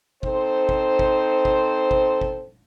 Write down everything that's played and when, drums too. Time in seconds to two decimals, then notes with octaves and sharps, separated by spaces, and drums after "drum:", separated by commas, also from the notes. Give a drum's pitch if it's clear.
0.23 C4 D#4 A4 C5, drum: kick G1
0.69 drum: kick G1
0.99 drum: kick G1
1.45 drum: kick G1
1.91 drum: kick G1
2.21 drum: kick G1